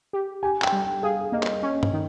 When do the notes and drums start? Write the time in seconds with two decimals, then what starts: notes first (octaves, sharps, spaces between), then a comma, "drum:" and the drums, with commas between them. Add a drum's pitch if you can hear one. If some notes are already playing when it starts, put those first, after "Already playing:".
0.13 G4
0.43 G4 G#5
0.62 G5, drum: clap
0.72 G3
0.82 G5
1.03 G#4 F5
1.32 A#3 D#5
1.43 drum: clap
1.62 C#4
1.83 drum: tom G2
1.93 D#3